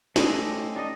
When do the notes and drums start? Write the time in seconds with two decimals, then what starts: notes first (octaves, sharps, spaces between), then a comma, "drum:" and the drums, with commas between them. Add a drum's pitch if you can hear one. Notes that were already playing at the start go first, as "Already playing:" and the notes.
0.16 A3 C#4 G4 A4 C5 D#5, drum: snare
0.76 D4 D#4 D#5